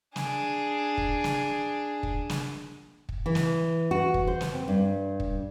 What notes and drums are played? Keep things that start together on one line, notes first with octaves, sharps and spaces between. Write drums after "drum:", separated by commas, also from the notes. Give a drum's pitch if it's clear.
D4 G#4, drum: snare
drum: kick
drum: snare
drum: kick
drum: snare
drum: kick
E3
drum: snare
F#4
drum: kick
C5
drum: snare
C4
G2
drum: kick